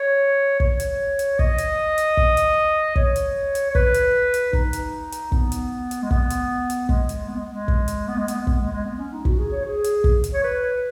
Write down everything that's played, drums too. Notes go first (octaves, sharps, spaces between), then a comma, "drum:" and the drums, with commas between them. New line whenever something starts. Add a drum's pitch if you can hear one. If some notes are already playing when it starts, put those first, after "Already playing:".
Already playing: C#5
C#5, drum: kick
drum: hi-hat
drum: hi-hat
D#5, drum: kick
drum: hi-hat
drum: hi-hat
drum: kick
drum: hi-hat
C#5, drum: kick
drum: hi-hat
drum: hi-hat
C#5
B4, drum: kick
drum: hi-hat
drum: hi-hat
D#4, drum: kick
drum: hi-hat
drum: hi-hat
B3, drum: kick
drum: hi-hat
drum: hi-hat
G#3
B3, drum: kick
drum: hi-hat
drum: hi-hat
G#3, drum: kick
drum: hi-hat
B3
G#3
G#3
drum: kick
drum: hi-hat
B3
G#3
B3, drum: hi-hat
G#3, drum: kick
B3
G#3
G#3
B3
C#4
D#4
F#4, drum: kick
G#4
C#5
G#4
drum: hi-hat
drum: kick
drum: hi-hat
C#5
B4